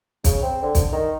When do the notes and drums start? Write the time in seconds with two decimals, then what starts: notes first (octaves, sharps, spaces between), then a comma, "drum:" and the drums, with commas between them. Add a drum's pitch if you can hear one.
0.24 C#3, drum: kick, hi-hat
0.42 C4
0.62 D3
0.75 drum: kick, hi-hat
0.92 D#3